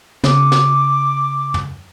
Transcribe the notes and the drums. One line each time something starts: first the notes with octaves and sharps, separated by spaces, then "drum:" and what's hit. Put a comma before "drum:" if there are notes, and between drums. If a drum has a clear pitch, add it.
C#3 D6, drum: snare
drum: snare
drum: tom